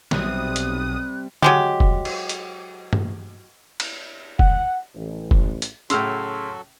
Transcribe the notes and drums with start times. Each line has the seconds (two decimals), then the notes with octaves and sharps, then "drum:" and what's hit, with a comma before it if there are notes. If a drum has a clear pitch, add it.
0.11 B1 C3 G3 C4 D#6 F#6, drum: snare
0.56 drum: hi-hat
1.42 F#3 G#3 G4, drum: tom D3
1.80 drum: kick F1
2.05 drum: cymbal
2.29 drum: hi-hat
2.93 drum: tom G2
3.80 drum: cymbal
4.39 F#5, drum: kick F1
4.95 A1
5.31 drum: kick F1
5.62 drum: hi-hat
5.90 A2 C#3 F#3 F#4 A4 C6 E6 F6, drum: hi-hat